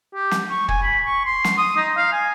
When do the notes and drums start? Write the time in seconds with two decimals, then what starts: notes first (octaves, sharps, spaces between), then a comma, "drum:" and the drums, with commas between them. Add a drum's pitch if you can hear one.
0.14 G4
0.31 drum: snare
0.50 C#6
0.68 G#5, drum: kick
0.83 B5
1.05 C#6
1.26 C6
1.44 drum: snare
1.58 D#6
1.77 D#4
1.97 F5
2.12 G#5